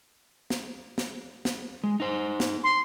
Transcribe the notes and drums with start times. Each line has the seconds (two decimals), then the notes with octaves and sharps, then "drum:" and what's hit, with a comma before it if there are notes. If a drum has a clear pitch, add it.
0.50 drum: snare
0.98 drum: snare
1.45 drum: snare
1.84 G#3
2.00 D#4 C5
2.40 drum: snare
2.64 C6